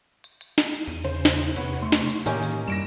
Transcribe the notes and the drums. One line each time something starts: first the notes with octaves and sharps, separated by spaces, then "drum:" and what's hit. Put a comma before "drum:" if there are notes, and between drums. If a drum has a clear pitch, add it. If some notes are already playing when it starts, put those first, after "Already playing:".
drum: hi-hat
drum: hi-hat
drum: snare
drum: hi-hat
E2 D#7
C#3 C5
drum: snare
drum: hi-hat
E2 C3 B4 C#5 F#5, drum: hi-hat
A3 C6 C#6
drum: snare
drum: hi-hat
A2 D#3 A#3 C#4 G4 D#5 G#5 A#5, drum: hi-hat
drum: hi-hat
F#2 G3 A#6 D7 E7